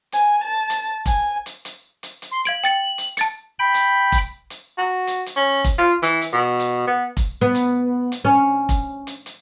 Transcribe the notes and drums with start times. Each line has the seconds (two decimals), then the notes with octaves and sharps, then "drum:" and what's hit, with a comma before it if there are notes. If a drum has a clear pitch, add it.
0.12 G#5, drum: hi-hat
0.43 A5
0.70 drum: hi-hat
1.06 G#5, drum: kick F1, hi-hat
1.46 drum: hi-hat
1.65 drum: hi-hat
2.03 drum: hi-hat
2.22 drum: hi-hat
2.31 C6
2.45 F5 G#6 D7 F#7
2.64 G5 A6 C#7
2.98 drum: hi-hat
3.17 A5 A6 C#7, drum: hi-hat
3.59 G5 B5
3.74 drum: hi-hat
4.12 drum: kick F1, hi-hat
4.50 drum: hi-hat
4.78 F#4
5.07 drum: hi-hat
5.26 drum: hi-hat
5.36 C#4
5.64 drum: kick F1, hi-hat
5.78 F4
6.03 E3, drum: hi-hat
6.21 drum: hi-hat
6.33 B2
6.60 drum: hi-hat
6.87 B3
7.17 drum: kick F1, hi-hat
7.41 B3
7.55 drum: hi-hat
8.12 drum: hi-hat
8.25 C#4
8.69 drum: kick F1, hi-hat
9.07 drum: hi-hat
9.26 drum: hi-hat